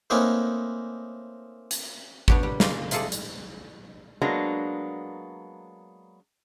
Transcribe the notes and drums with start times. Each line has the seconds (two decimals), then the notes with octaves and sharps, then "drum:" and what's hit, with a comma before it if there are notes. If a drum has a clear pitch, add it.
0.10 A3 A#3 C4 C#4 D#4 B4
1.71 drum: hi-hat
2.28 B3 D4 F#4 G4 C#5, drum: kick G#1
2.43 G3
2.60 C#3 A#3 F4, drum: snare
2.91 C3 F4 G#4 A4 D5, drum: hi-hat
3.12 drum: hi-hat
4.22 F#3 G#3 A#3 B3 D4